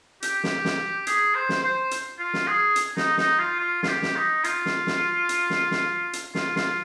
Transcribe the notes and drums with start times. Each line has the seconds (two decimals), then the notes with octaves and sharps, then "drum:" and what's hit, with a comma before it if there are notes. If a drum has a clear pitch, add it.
0.22 G4, drum: hi-hat
0.44 drum: snare
0.65 drum: snare
1.07 G#4, drum: hi-hat
1.35 C5
1.49 drum: snare
1.63 C5
1.91 drum: hi-hat
2.19 F4
2.34 drum: snare
2.47 G#4
2.76 drum: hi-hat
2.97 D#4, drum: snare
3.17 D#4, drum: snare
3.39 F4
3.60 F4
3.83 F4, drum: snare
3.88 G4
4.02 drum: snare
4.16 D#4
4.44 F4, drum: hi-hat
4.66 drum: snare
4.87 drum: snare
5.29 drum: hi-hat
5.50 drum: snare
5.71 drum: snare
6.13 drum: hi-hat
6.35 F4, drum: snare
6.56 F4, drum: snare